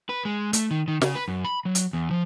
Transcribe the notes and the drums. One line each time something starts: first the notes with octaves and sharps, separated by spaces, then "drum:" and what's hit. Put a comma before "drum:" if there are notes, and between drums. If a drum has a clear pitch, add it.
B4
G#3
A3, drum: hi-hat
D#3
D#3
C#3, drum: snare
B4
F#2
B5
F#3
drum: hi-hat
E2
F3